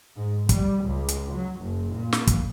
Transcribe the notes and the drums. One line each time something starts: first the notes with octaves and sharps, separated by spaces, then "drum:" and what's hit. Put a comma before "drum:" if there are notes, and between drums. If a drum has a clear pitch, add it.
G#2
G3, drum: kick, hi-hat
C#2
drum: hi-hat
F#3
F#1
A#2
drum: snare
drum: kick, hi-hat